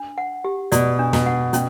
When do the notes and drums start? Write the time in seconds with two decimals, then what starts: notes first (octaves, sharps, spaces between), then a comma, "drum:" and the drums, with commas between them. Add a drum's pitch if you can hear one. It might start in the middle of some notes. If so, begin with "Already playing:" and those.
Already playing: D4
0.18 F#5
0.44 G4
0.72 B2 D5, drum: hi-hat
0.99 D4
1.13 B2, drum: snare
1.26 F#5
1.53 B2 C#4, drum: hi-hat